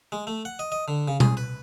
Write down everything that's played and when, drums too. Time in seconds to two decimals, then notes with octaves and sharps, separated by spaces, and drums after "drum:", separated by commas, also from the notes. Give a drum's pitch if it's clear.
0.12 G#3
0.27 A3
0.45 F#5
0.59 D#5
0.72 D#5
0.88 D3
1.08 C#3
1.20 G#4, drum: tom B2
1.37 B4